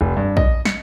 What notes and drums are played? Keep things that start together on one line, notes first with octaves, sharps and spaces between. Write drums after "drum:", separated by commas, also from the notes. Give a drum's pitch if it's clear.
F1
G2
D#5, drum: kick A#1
C#7, drum: snare